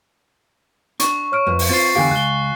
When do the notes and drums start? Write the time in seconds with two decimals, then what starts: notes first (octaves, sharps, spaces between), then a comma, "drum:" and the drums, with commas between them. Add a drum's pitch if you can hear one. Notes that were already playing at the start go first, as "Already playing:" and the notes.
1.00 D4 C#6, drum: hi-hat
1.32 C#5 F6 D7
1.47 F2 B4
1.59 drum: open hi-hat
1.69 C4 F4 A6 C7
1.95 E2 D3 G4 F5 G#5
2.11 C#2 F#6 G7